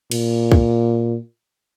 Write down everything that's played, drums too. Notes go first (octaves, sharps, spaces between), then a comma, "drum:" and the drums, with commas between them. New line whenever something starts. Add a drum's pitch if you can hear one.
A#2, drum: cymbal
drum: kick